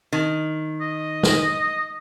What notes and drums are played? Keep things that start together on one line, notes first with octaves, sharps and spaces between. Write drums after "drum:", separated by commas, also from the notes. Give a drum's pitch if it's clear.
D#3
D#5
drum: snare